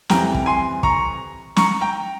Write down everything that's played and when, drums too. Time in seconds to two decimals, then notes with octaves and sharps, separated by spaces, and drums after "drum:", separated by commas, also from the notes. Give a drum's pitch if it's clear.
0.09 F2 E3 G3 G5 A#5, drum: snare
0.34 drum: kick
0.46 G#5 C6
0.83 A#5 C#6, drum: kick
1.56 A#5 C#6, drum: snare
1.81 G5 A#5